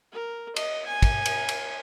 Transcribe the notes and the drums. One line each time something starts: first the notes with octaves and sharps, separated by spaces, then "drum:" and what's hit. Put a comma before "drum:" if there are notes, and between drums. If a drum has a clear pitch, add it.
A#4
D#5, drum: cymbal
G#5
drum: kick, cymbal
drum: cymbal
drum: cymbal